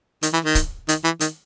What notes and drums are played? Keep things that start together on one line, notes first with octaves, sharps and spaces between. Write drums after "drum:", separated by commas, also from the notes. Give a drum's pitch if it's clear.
D#3, drum: hi-hat
E3
D#3
drum: kick, hi-hat
D#3, drum: hi-hat
E3
D#3, drum: hi-hat